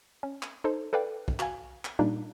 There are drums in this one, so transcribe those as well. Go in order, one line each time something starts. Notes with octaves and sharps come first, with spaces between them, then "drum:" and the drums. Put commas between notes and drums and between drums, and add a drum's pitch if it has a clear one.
C#4
drum: clap
D#4 A4 C5
A4 B4 D5 F5 G5
drum: kick
F#4 F5 G#5, drum: clap
drum: clap
A#2 G3 A#3 D4 D#4